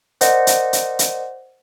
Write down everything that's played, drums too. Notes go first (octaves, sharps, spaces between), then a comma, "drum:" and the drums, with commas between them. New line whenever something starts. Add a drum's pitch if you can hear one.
A#4 C5 D5 D#5 F#5, drum: hi-hat
drum: hi-hat
drum: hi-hat
drum: hi-hat